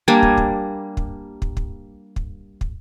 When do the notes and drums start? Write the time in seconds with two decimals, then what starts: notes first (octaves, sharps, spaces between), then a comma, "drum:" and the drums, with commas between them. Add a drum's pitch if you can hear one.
0.08 G3 A#3 D4 G#5
0.23 drum: kick
0.37 drum: kick
0.97 drum: kick
1.42 drum: kick
1.57 drum: kick
2.16 drum: kick
2.61 drum: kick